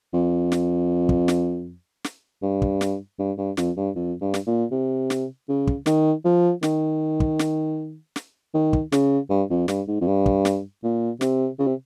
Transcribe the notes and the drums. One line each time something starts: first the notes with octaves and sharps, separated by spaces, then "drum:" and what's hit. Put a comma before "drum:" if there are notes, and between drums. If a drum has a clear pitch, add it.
F2
drum: snare
drum: kick
drum: snare
drum: snare
G2
drum: kick
drum: snare
G2
G2
F2, drum: snare
G2
F2
G2
drum: snare
A#2
C3
drum: snare
C#3
drum: kick
D#3, drum: snare
F3
D#3, drum: snare
drum: kick
drum: snare
drum: snare
D#3
drum: kick
C#3, drum: snare
G2
F2
G2, drum: snare
G#2
F2
G2
drum: kick
drum: snare
A#2
C3, drum: snare
C#3
C3